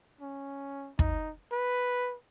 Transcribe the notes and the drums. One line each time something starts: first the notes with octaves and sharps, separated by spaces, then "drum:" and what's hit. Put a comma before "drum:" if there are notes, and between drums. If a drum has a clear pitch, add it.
C#4
D#4, drum: kick
B4